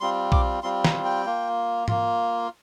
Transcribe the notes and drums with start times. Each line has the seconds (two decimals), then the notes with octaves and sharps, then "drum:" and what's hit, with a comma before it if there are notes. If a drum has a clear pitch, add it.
0.01 G3 C4 F4 C6
0.32 D6, drum: kick A#1
0.63 G3 C4 F4 C6
0.84 A#5, drum: snare
1.05 G5
1.26 A#3 F4
1.88 A#3 F4, drum: tom G#2